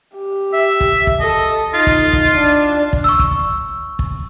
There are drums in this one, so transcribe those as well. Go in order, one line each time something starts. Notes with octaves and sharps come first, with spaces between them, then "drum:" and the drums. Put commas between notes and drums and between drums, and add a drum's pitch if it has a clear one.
G4
E5
drum: kick
drum: kick
A4 D#5
D#4 F4
drum: kick
drum: kick
D4
drum: kick
C#6 E6
drum: kick
drum: kick